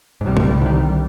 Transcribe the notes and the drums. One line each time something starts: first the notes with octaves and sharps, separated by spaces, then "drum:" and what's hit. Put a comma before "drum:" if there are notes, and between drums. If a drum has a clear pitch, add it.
C2 G#2 C3 G3
drum: tom C3
D3 D#3